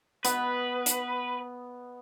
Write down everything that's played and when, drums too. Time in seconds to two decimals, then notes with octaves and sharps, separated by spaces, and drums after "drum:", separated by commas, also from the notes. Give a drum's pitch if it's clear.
0.25 B3 B4 D#5, drum: hi-hat
0.86 drum: hi-hat